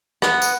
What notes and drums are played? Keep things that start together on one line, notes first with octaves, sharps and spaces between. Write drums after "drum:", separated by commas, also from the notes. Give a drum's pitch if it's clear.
B3, drum: rim click
drum: tambourine